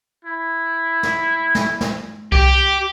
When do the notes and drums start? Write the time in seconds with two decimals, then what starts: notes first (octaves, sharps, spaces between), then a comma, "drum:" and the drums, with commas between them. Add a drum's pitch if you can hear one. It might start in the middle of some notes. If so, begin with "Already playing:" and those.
0.25 E4
1.03 drum: snare
1.55 drum: snare
1.81 drum: snare
2.32 G4, drum: kick C2